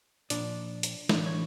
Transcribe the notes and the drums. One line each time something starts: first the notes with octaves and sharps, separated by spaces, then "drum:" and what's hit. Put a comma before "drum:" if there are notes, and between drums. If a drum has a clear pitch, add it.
A#2 F3 D4 D5, drum: hi-hat
drum: hi-hat
A2 E3 D4 D5, drum: snare
C#5